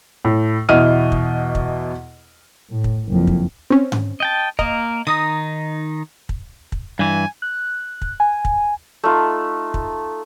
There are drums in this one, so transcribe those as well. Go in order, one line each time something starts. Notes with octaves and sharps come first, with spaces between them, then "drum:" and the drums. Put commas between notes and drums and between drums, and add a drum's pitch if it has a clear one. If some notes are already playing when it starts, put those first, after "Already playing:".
A2
E2 B2 E4 D#5 F6 D#7
drum: kick
drum: kick
A2
drum: kick
F#1 F2
drum: kick
C4 C#4
drum: tom G#2
D#5 G5 A5
A#3 A#4 D#5, drum: kick
D#3 D#4 A#5 D#6
drum: kick
drum: kick
G2 E3 G#5
F#6
drum: kick
G#5
drum: kick
A3 D#4 F4
drum: kick